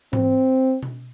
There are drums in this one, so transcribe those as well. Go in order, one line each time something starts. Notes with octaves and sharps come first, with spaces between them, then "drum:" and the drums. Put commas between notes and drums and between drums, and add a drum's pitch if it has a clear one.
C4, drum: tom G#2
drum: tom B2